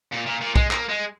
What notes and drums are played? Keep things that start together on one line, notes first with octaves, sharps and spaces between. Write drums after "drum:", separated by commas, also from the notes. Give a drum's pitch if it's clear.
A#2
A#2
A#2
G#3, drum: kick
A#3, drum: clap
G#3